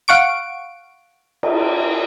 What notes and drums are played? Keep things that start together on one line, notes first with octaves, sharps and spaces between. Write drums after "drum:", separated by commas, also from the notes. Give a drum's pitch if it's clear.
F5 F#5 C#6 D7
drum: cymbal